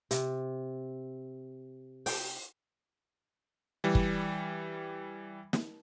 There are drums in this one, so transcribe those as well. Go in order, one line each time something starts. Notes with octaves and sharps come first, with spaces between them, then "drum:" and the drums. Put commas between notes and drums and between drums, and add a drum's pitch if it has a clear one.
C3, drum: hi-hat
G5, drum: open hi-hat
E3 G3
drum: kick
drum: snare